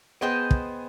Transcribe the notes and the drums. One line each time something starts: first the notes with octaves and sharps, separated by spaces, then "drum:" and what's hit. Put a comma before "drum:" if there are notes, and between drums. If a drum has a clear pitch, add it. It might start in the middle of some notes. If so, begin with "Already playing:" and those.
B3 G#4 C5 D#5 G5
drum: kick